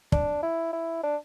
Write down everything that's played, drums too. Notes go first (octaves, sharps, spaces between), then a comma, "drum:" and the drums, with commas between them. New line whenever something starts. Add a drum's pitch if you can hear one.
D4, drum: kick
E4
E4
D4